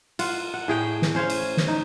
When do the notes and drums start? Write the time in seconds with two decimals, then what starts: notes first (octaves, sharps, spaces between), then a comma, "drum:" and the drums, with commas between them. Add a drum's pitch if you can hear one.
0.19 F4 F#5, drum: cymbal
0.54 F#5
0.68 A2 G#4 G5
1.02 drum: snare
1.15 C#4 C5 C#5 F5
1.30 drum: cymbal
1.57 drum: snare
1.68 D#4